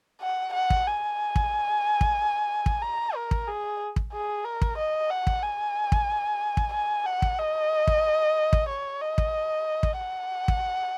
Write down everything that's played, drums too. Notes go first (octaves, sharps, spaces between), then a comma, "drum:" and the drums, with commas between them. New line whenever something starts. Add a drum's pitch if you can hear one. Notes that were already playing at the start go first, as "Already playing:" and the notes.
F#5
F#5
drum: kick
G#5
drum: kick
drum: kick
drum: kick
A#5
A#4
drum: kick
G#4
drum: kick
G#4
A#4
drum: kick
D#5
F#5
drum: kick
G#5
drum: kick
drum: kick
G#5
F#5
drum: kick
D#5
drum: kick
drum: kick
C#5
D#5
drum: kick
drum: kick
F#5
drum: kick